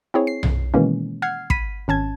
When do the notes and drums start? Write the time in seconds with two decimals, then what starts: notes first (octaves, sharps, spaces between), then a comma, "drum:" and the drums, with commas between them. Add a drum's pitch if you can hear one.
0.14 C4 E4 G#4 C#5
0.27 C7
0.43 drum: tom B1
0.74 B2 D#3 E3 G#3 A#3 C#4
1.22 F#5 F6 G#6 C7
1.50 B5 B6 D#7, drum: kick
1.88 G#1 C#4 A5 G#6